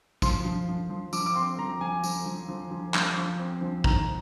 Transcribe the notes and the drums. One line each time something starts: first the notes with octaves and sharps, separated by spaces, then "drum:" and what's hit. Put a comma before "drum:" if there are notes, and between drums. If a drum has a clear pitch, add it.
F3 C6, drum: kick, tambourine
F3
F3
F3
F3 D6, drum: tambourine
D6
C4 C6
F3 A#5
F3 G#5
F3, drum: tambourine
F3
F3
F3
F3, drum: clap
F3
C4
F3
D#3 A#5, drum: kick